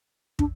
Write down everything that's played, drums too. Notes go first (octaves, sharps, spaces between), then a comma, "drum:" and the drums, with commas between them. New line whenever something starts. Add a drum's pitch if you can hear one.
D4, drum: kick